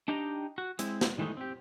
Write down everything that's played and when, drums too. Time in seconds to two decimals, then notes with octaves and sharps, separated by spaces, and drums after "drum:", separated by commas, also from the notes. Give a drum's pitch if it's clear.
0.08 D4 D#4 G4 D#5 G5 A#5
0.58 F#4
0.79 G#3 C4 E4, drum: hi-hat
1.01 drum: snare
1.18 D#3 E3 G#3 A3 D#4
1.37 C4 G4